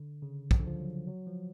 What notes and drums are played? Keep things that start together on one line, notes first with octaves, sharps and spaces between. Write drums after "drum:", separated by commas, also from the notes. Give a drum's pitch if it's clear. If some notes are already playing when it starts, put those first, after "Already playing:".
Already playing: D3
C#3
F3, drum: kick
D3
F3
F#3
F#3
F3